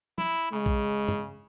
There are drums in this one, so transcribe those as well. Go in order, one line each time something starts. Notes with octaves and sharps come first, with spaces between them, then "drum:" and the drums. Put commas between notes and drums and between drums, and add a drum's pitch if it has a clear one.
E4, drum: tom
C#3 G#3
drum: kick A#1
drum: tom